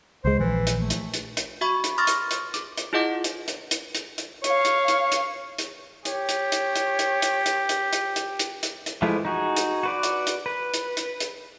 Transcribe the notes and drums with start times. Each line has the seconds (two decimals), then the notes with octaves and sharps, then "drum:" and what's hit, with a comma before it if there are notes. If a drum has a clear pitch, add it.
0.25 C#2 G#3 C5
0.39 A#1 E3
0.67 drum: hi-hat
0.80 A3
0.90 drum: hi-hat
1.14 drum: hi-hat
1.37 drum: hi-hat
1.61 F#4 E5 B5 C#6
1.84 drum: hi-hat
1.98 C6 C#6 D#6 F6 A6 A#6
2.07 drum: hi-hat
2.31 drum: hi-hat
2.54 D6, drum: hi-hat
2.78 drum: hi-hat
2.93 E4 F4 G#4 D#5 F#5 D6
3.24 drum: hi-hat
3.48 drum: hi-hat
3.71 drum: hi-hat
3.95 drum: hi-hat
4.18 drum: hi-hat
4.44 C#5 F5, drum: hi-hat
4.65 drum: hi-hat
4.88 drum: hi-hat
5.12 drum: hi-hat
5.58 drum: hi-hat
6.05 G4 C#5, drum: hi-hat
6.29 drum: hi-hat
6.52 drum: hi-hat
6.76 drum: hi-hat
6.99 drum: hi-hat
7.22 drum: hi-hat
7.46 drum: hi-hat
7.69 drum: hi-hat
7.93 drum: hi-hat
8.16 drum: hi-hat
8.39 drum: hi-hat
8.63 drum: hi-hat
8.86 drum: hi-hat
9.02 E3 F3 G#3 A3 E4
9.25 D#4 F#4 G#4
9.57 drum: hi-hat
9.83 F#4 B4 D5
10.03 drum: hi-hat
10.27 drum: hi-hat
10.46 B4
10.74 drum: hi-hat
10.97 drum: hi-hat
11.20 drum: hi-hat